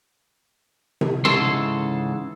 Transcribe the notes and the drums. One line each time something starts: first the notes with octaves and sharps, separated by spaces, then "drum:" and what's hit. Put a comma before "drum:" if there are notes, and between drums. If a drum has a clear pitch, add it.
drum: tom C3
G#2 C#3 E3 A4 C6, drum: tom C3